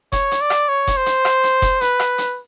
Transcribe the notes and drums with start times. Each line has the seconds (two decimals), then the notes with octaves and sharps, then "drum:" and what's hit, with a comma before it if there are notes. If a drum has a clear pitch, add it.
0.12 C#5, drum: kick F1, hi-hat
0.31 drum: hi-hat
0.41 D5
0.50 drum: rim click
0.69 C#5
0.87 drum: kick F1, hi-hat
0.97 C5
1.06 drum: hi-hat
1.25 drum: rim click
1.43 drum: hi-hat
1.62 drum: kick F1, hi-hat
1.81 B4, drum: hi-hat
1.99 drum: rim click
2.18 drum: hi-hat